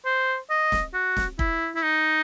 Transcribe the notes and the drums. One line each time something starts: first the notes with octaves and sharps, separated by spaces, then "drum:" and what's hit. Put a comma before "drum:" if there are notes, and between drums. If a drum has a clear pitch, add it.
C5
D#5
drum: snare
F#4
drum: snare
E4, drum: kick
E4
D#4